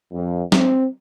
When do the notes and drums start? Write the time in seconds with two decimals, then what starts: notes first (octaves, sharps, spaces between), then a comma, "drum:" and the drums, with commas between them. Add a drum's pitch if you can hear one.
0.12 F2
0.52 C4, drum: snare